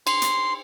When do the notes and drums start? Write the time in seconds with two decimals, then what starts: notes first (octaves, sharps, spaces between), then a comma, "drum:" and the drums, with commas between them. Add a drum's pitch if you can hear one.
0.07 C6, drum: cymbal
0.22 drum: hi-hat